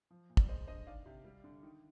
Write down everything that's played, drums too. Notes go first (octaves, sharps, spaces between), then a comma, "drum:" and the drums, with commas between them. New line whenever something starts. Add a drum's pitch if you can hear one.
F3
A#2
D5, drum: kick
G#3 C5 D#5
D3 C5 D#5
D#3 D5 F5
C3
G3
D3
D#3